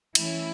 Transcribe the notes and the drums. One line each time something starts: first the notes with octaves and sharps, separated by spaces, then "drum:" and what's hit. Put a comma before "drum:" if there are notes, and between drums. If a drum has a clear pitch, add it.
E3 A3 C#4 E4, drum: cymbal